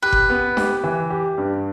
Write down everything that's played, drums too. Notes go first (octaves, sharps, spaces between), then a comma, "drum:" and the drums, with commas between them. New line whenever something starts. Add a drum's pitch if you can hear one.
G4 B4
drum: kick F#1
B3
G4, drum: snare
E3
G4
G2